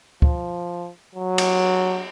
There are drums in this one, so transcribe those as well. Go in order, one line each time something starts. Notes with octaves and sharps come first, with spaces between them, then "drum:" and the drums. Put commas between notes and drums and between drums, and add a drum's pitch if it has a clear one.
F3, drum: kick
F#3
drum: cymbal